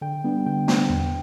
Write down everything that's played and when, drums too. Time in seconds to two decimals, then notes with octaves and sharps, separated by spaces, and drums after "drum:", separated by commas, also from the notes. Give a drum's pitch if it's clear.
0.01 D3 G5
0.24 G3 B3 D4
0.46 D3 G5
0.68 G3 B3 D4, drum: snare
0.89 E2